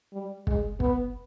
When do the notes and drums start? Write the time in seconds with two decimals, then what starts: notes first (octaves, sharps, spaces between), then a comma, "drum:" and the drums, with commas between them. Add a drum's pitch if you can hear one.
0.13 G3
0.47 G#3, drum: kick
0.80 B3, drum: kick